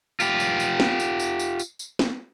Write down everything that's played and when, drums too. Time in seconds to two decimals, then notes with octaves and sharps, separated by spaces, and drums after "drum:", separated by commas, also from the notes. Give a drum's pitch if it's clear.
0.20 F4 G4, drum: tambourine
0.40 drum: tambourine
0.60 drum: tambourine
0.80 drum: snare
1.00 drum: tambourine
1.20 drum: tambourine
1.39 drum: tambourine
1.59 drum: tambourine
1.79 drum: tambourine
1.99 drum: snare